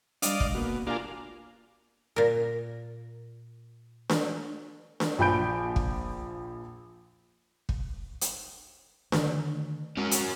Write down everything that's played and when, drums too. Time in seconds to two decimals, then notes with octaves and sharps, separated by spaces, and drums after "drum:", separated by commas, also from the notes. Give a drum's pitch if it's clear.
0.22 G3 D4 D5 D#5 F5, drum: hi-hat
0.40 G#3, drum: kick
0.55 B2 A#3 F#4
0.87 A#3 D4 F4 G4 F5 G#5
2.16 A#2 A#4
4.09 drum: snare D4
5.00 drum: snare D4
5.19 A#1 F3 G#5 B5 G6 D7
5.76 drum: kick
7.69 drum: kick
8.21 drum: hi-hat
9.12 D3 D#3 A3, drum: snare D4
9.97 G#3 C#4 F#4 A#4
10.11 drum: hi-hat